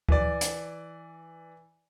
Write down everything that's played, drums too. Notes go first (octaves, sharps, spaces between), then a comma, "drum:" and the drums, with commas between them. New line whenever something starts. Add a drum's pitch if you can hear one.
E3 D5, drum: kick D2
drum: hi-hat